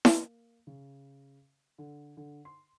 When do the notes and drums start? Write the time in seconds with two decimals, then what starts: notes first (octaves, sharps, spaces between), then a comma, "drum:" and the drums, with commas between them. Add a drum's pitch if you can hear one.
0.05 A#3, drum: snare E4
0.67 C#3
1.78 D3
2.17 D3
2.45 C6